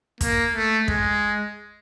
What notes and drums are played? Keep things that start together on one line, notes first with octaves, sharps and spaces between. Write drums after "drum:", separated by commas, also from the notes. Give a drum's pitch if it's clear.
A#3, drum: kick, hi-hat
A3
G#3, drum: kick